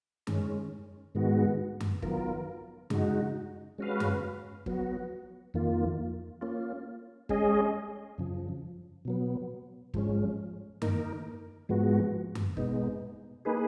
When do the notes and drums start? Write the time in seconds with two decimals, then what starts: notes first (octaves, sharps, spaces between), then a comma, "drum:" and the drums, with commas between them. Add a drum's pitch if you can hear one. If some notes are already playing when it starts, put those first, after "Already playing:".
0.27 D#3 G#3 C#4, drum: tom F#2
1.15 G#2 D#3 G#3 B3 F#4
1.80 drum: tom F#2
2.02 D#3 F#3 B3 F4 A#4, drum: kick
2.90 C#3 G#3 D#4 F#4, drum: tom F#2
3.78 G#3 C#4 F#4 B4 F5
4.00 drum: tom F#2
4.66 F#3 B3 F#4, drum: kick
5.54 F2 D#3 A#3 F4
6.41 A#3 C#4 F4
7.29 G#3 C#4 G#4 D#5, drum: kick
8.18 F#2 C#3 F3
9.05 B2 F#3 B3
9.94 G#2 F3 G#3 C#4, drum: kick
10.82 D#3 A#3 D#4 A#4, drum: tom F#2
11.69 G#2 F3 G#3 B3 F#4
12.35 drum: tom F#2
12.57 B2 G#3 B3 D#4, drum: kick
13.45 A#3 D#4 G#4 B4